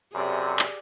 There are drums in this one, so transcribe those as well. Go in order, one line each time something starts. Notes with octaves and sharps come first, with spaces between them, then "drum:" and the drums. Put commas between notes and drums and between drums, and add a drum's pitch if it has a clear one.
F#2 C3 G4 G#4 D5
drum: clap